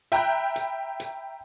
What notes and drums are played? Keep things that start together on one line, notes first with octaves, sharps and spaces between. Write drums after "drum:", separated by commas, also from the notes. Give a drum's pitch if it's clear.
E5 G5 A#5 B5 F#6 G6, drum: hi-hat
drum: hi-hat
drum: hi-hat